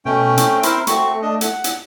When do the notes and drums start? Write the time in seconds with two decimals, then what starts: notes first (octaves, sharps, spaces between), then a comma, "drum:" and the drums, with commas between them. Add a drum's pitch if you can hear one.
0.06 B2 A3 C#4 G5
0.37 C4, drum: hi-hat
0.63 E4 A#4 C5, drum: hi-hat
0.87 A3 C4 F#4 C#6, drum: hi-hat
1.22 D4 D#5
1.41 F#5, drum: hi-hat
1.64 drum: hi-hat